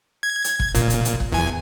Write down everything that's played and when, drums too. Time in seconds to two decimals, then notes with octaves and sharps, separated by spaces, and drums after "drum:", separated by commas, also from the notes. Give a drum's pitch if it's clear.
0.23 G#6
0.44 drum: hi-hat
0.59 drum: kick
0.75 A#2, drum: kick, hi-hat
0.90 drum: hi-hat
1.05 drum: hi-hat
1.20 drum: kick
1.32 E2 G#5